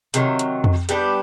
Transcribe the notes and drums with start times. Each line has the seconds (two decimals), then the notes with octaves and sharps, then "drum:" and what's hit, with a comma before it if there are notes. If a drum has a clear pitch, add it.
0.14 C3 D#3 F#3, drum: hi-hat
0.39 drum: hi-hat
0.64 drum: tom F2
0.89 G3 B3 D4 G4, drum: hi-hat